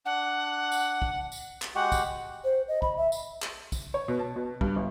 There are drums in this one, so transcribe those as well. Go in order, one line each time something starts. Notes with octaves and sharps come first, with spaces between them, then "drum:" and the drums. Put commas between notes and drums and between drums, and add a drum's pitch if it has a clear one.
D4 F#5
drum: tambourine
drum: kick
drum: tambourine
drum: clap
G#3 F#4 G4 F#5
drum: kick, tambourine
C5
D#5
B5, drum: kick
E5
drum: tambourine
drum: clap
drum: kick, tambourine
C#5
B2
A5
B2
G2, drum: kick
G1